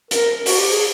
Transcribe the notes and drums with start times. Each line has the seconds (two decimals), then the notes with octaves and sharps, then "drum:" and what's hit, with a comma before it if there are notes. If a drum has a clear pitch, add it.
0.11 A#4, drum: hi-hat
0.46 F#4, drum: open hi-hat
0.59 G4
0.72 G#4